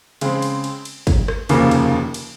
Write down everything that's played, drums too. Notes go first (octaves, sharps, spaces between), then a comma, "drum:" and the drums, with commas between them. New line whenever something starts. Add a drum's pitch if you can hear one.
C#3 G#3 C4, drum: cymbal
drum: cymbal
drum: cymbal
drum: cymbal
drum: kick, cymbal
drum: rim click
F1 D#2 C#3 F3 A#3, drum: cymbal
drum: cymbal
drum: cymbal